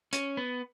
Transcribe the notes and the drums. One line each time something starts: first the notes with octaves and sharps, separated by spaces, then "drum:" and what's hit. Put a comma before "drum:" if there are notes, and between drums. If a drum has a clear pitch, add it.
C#4, drum: hi-hat
B3